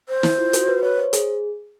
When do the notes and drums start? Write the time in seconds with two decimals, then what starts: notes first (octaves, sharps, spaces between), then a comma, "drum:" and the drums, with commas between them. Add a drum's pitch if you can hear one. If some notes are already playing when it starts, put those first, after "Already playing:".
0.09 C5
0.23 E4, drum: snare
0.38 F4
0.53 F#4, drum: hi-hat
0.68 B4
0.83 B4 C#5
0.98 C5
1.13 G#4, drum: hi-hat